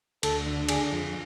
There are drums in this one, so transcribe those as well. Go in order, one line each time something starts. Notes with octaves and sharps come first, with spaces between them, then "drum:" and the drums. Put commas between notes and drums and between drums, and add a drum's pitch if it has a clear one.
D2 A4, drum: cymbal
D3
D4 G#4, drum: cymbal
F2